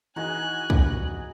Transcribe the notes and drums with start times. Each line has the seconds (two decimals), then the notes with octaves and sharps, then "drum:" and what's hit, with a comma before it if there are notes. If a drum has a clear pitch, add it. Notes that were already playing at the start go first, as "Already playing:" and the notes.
0.16 E3 D#4 F#4 G#4 G#5 F#6
0.70 drum: kick